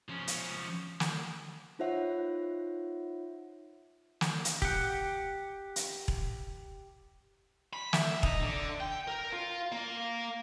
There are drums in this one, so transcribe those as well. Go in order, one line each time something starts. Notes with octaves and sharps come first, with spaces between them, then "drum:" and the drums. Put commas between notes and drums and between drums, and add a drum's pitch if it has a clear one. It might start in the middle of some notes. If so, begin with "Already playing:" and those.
F3 C#4
drum: hi-hat
drum: snare
D#4 F4 C5 C#5 E5 F#5
drum: snare
drum: hi-hat
G4 F#5, drum: kick E1
drum: hi-hat
drum: kick E1
B5
E5, drum: snare
D#4, drum: kick E1
D3
G5
A#4
F4
A#3